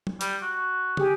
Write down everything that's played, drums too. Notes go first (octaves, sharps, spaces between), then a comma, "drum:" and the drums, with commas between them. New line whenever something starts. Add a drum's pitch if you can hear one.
drum: tom
G3, drum: hi-hat
F#4
G4 G#4, drum: tom